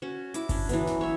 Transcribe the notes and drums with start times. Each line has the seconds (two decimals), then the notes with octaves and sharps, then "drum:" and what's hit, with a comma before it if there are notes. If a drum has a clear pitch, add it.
0.02 C#4 F#4
0.34 E4 D6, drum: hi-hat
0.49 C#4 D4, drum: kick G1, open hi-hat
0.69 E3 F#3 B3, drum: hi-hat
0.87 drum: snare F1
1.01 C#5 E5